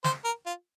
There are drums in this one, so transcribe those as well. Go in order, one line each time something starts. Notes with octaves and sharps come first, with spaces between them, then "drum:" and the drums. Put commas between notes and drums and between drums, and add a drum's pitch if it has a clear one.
C5, drum: snare
A#4
F4